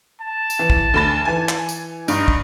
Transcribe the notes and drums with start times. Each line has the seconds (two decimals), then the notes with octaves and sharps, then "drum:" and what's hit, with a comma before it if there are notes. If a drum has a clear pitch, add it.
0.21 A5
0.50 drum: tambourine
0.59 E3
0.70 drum: kick
0.94 D2 B5 A6
1.25 E3 G#5
1.49 drum: clap
1.69 drum: tambourine
2.08 G2 D#4, drum: tambourine
2.28 drum: kick